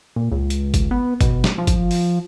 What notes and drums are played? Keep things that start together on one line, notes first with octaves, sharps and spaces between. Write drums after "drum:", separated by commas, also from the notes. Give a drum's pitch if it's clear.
A#2
C#2
drum: hi-hat
drum: kick G1, hi-hat
B3
B2, drum: kick G1, hi-hat
drum: snare
F3
drum: kick G1, hi-hat
drum: open hi-hat